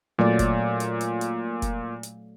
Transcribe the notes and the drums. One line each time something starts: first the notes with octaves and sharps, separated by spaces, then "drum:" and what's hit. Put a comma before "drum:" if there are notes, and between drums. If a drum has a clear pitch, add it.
A#2 F#3 A3 D5
drum: kick F1, hi-hat
drum: hi-hat
drum: hi-hat
drum: hi-hat
drum: kick F1, hi-hat
drum: hi-hat